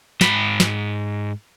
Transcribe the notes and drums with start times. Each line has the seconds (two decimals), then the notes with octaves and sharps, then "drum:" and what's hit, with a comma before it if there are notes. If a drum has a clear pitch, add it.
0.21 G#2 B5, drum: snare
0.60 drum: snare